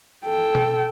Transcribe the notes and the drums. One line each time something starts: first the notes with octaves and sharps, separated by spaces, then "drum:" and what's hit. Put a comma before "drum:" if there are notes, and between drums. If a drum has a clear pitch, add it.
A4 G5
drum: tom B2